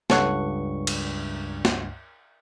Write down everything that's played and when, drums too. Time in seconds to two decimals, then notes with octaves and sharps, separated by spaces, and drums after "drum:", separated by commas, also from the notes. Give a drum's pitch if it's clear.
0.10 C#2 G2 A4 C#5 F#5 C#6, drum: snare
0.87 drum: cymbal
1.65 drum: snare